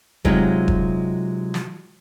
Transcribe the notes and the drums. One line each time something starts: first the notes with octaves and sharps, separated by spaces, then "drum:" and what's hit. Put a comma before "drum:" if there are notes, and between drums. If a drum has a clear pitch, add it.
C3 F#3 G#3 D#4 F4 G4, drum: kick E1
drum: kick E1
drum: snare